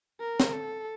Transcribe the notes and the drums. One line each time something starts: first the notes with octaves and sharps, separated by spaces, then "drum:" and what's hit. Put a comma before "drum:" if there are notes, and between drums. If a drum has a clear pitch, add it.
A#4
drum: snare
A4